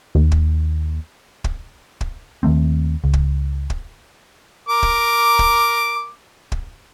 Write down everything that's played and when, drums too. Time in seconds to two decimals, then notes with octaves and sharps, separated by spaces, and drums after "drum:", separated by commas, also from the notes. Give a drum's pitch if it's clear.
0.15 D#2
0.32 drum: kick
1.44 drum: kick
2.01 drum: kick
2.43 D#2 D#3 A3 C4
3.04 C#2
3.13 drum: kick
3.70 drum: kick
4.69 A#4 D6
4.83 drum: kick
5.39 drum: kick
6.52 drum: kick